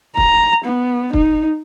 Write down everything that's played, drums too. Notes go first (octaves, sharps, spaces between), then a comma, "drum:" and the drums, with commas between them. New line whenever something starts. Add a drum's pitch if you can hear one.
A#5, drum: kick
B3
D#4, drum: kick